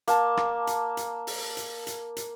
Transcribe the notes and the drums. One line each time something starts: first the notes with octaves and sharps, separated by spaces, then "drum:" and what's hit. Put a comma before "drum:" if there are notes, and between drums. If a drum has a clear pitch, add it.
A#3 A5, drum: hi-hat
drum: rim click
drum: hi-hat
drum: hi-hat
drum: open hi-hat
drum: hi-hat
drum: hi-hat
drum: hi-hat